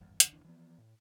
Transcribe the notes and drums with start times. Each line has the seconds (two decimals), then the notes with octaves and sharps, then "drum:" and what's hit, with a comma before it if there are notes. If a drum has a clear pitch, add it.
0.01 D1 G#1 E2 G2
0.20 C2 F2 D3, drum: hi-hat
0.32 F1 D#2 E3 D4
0.45 E3 F3 B3
0.78 A2